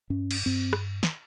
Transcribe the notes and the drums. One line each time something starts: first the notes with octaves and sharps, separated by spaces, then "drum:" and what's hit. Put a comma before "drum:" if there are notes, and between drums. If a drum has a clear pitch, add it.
G2 C#4
drum: cymbal
G2 C4
drum: rim click
drum: snare